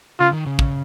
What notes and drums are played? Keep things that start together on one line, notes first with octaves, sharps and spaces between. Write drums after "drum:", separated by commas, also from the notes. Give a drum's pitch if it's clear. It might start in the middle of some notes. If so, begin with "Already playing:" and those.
C#3 F4
D#3
C#3
drum: kick